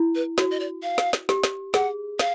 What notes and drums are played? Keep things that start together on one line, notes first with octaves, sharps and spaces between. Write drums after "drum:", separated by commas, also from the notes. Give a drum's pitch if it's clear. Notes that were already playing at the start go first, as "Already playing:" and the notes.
Already playing: E4
B4
F#4 C#5, drum: snare
D#5
D5
F5
drum: snare
drum: snare
G4, drum: snare
drum: snare
G#4 F#5, drum: snare
F5, drum: snare